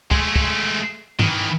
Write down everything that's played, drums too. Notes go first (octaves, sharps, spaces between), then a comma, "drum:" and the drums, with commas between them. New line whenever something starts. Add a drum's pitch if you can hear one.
G#3 A3, drum: kick
drum: kick
D#3 E3, drum: tom G2